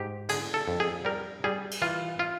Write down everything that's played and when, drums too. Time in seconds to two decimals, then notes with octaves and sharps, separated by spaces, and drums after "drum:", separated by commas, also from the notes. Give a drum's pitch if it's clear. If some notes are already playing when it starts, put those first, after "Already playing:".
Already playing: G#2 G4
0.29 D3 G#4, drum: cymbal
0.54 A4
0.68 F2
0.80 G#4
1.05 G3 A#4
1.44 G3 G#4
1.71 drum: cymbal
1.82 E3 F4
2.19 F4